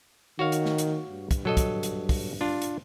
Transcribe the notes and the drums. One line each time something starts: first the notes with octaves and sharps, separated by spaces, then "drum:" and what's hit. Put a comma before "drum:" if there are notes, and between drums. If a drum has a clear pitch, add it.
D#3 F#4 C#5 F5
drum: hi-hat
drum: snare
drum: hi-hat
G2
drum: kick, hi-hat
F#3 A4 D#5, drum: tom A#2
drum: kick, hi-hat
drum: hi-hat
drum: kick, open hi-hat
D4 F4
drum: hi-hat